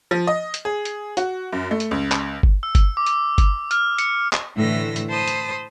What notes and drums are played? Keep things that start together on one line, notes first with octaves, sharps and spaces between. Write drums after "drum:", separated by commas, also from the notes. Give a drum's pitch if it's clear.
F3
D#5
drum: hi-hat
G#4
drum: hi-hat
F#4, drum: hi-hat
F#2
A3
drum: hi-hat
C#2
drum: clap
drum: kick G1
E6
drum: kick G1, hi-hat
D6
drum: hi-hat
drum: kick G1, hi-hat
F6, drum: hi-hat
C#7, drum: hi-hat
drum: clap
A2 D3 E3 A3 E6 A#6
drum: hi-hat
C5 A5 B5 D#6
drum: hi-hat